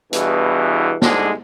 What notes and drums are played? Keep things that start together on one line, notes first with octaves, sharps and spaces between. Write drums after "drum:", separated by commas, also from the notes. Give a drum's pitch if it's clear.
E2 G2 B2 E3, drum: hi-hat
C2 G#2 D3 G#3, drum: snare